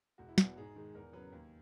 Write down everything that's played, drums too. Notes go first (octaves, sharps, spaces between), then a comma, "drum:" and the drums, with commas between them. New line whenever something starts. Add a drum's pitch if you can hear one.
E1 F#4
E4
E2 B2 F#4, drum: snare
G#2 G#4
D#3 G#3
E2 A#4
C#3 F#3 B4
D#2